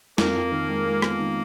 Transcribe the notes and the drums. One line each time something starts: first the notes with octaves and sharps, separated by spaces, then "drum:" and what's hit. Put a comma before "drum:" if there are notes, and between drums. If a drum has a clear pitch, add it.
F2 A#3, drum: snare
F2
D#3
G#3
G#3
B3, drum: rim click
D#3